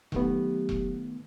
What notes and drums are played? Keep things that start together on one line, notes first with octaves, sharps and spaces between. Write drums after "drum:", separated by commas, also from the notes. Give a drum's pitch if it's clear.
D#3 F#3 A3 B3 G4, drum: kick E1
drum: kick E1